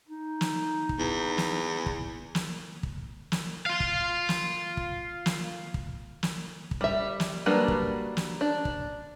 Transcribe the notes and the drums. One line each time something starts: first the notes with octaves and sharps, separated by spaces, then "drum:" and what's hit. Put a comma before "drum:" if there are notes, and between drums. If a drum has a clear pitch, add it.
D#4
drum: snare
drum: kick
E2
drum: snare
drum: kick
drum: snare
drum: kick
drum: snare
F4 F5
drum: kick
drum: snare
drum: kick
drum: snare
drum: kick
drum: snare
drum: kick
G3 E5
drum: snare
F#3 G3 A#3 D4 B4
drum: kick
drum: snare
D4
drum: kick